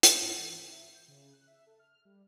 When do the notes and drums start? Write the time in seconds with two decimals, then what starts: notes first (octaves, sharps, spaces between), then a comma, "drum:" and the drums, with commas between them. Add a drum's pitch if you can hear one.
0.03 drum: hi-hat
0.22 G2
0.38 E3
0.57 C3
0.72 E5
0.94 G6
1.08 C#3
1.33 F#6
1.47 E5
1.66 A4
1.79 F6
2.05 G3